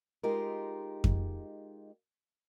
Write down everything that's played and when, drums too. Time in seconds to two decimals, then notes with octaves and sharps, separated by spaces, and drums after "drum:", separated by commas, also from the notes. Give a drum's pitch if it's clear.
0.23 G#3 D#4 F4 G4 A#4
1.04 drum: kick F2